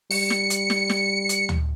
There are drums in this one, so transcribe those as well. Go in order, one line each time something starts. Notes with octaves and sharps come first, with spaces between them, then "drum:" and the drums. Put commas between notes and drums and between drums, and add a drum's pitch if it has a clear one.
G3 C#7, drum: open hi-hat
drum: snare
drum: hi-hat
drum: snare
drum: snare
drum: hi-hat
drum: tom D2